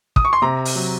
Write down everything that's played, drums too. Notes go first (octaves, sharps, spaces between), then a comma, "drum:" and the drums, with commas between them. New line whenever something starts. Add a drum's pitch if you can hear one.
D#6, drum: kick
C#6
C6
C3 A#5
drum: open hi-hat
F#3